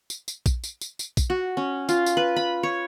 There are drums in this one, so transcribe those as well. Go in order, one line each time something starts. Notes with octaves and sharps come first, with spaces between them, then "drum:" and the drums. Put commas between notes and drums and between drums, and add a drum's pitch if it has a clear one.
drum: tambourine
drum: tambourine
drum: kick A#1, tambourine
drum: tambourine
drum: tambourine
drum: tambourine
drum: kick A#1, tambourine
F#4
C#4
F4, drum: tambourine
drum: tambourine
B4
B5
C#5